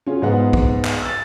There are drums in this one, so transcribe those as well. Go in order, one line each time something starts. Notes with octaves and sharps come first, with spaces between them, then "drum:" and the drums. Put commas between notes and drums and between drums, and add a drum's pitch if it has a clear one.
C#4 F4 F#4 G#4
G#2 G#3 B3 F#5
drum: kick
drum: clap
E6 A6